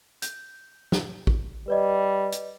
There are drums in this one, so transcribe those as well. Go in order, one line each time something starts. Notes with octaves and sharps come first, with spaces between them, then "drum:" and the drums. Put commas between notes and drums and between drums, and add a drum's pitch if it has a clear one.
G6, drum: hi-hat
drum: snare
drum: kick A1
G3 B4 D5 D#5
drum: hi-hat